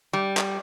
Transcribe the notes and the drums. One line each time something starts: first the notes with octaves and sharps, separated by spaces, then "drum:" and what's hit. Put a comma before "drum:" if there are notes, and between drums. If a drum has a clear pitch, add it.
G3
drum: clap